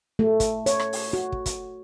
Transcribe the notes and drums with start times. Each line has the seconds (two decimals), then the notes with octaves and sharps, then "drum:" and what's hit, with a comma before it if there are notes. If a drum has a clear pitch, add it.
0.19 A3
0.40 drum: kick, hi-hat
0.66 C#5, drum: hi-hat
0.79 drum: rim click
0.93 drum: open hi-hat
1.13 F#4
1.32 drum: kick
1.46 drum: kick, hi-hat